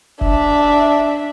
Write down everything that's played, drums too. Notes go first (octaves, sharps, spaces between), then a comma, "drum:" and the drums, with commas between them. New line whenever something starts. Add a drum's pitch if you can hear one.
D4 E5, drum: kick F1